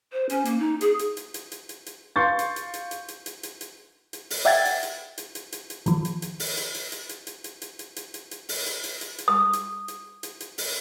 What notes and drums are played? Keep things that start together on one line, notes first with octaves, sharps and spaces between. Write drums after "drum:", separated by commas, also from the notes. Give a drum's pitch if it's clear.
C5
C#4, drum: hi-hat
A#3, drum: hi-hat
D#4
G#4, drum: hi-hat
drum: hi-hat
drum: hi-hat
drum: hi-hat
drum: hi-hat
drum: hi-hat
drum: hi-hat
F5 C6 C#6 G6 A6
drum: hi-hat
drum: hi-hat
drum: hi-hat
drum: hi-hat
drum: hi-hat
drum: hi-hat
drum: hi-hat
drum: hi-hat
drum: hi-hat
drum: open hi-hat
D5 E5 F#5 G5 G#6 A6, drum: hi-hat
drum: hi-hat
drum: hi-hat
drum: hi-hat
drum: hi-hat
drum: hi-hat
drum: hi-hat
D#3 F3, drum: hi-hat
drum: hi-hat
drum: hi-hat
drum: open hi-hat
drum: hi-hat
drum: hi-hat
drum: hi-hat
drum: hi-hat
drum: hi-hat
drum: hi-hat
drum: hi-hat
drum: hi-hat
drum: hi-hat
drum: hi-hat
drum: hi-hat
drum: open hi-hat
drum: hi-hat
drum: hi-hat
drum: hi-hat
drum: hi-hat
D#6
drum: hi-hat
drum: hi-hat
drum: hi-hat
drum: hi-hat
drum: open hi-hat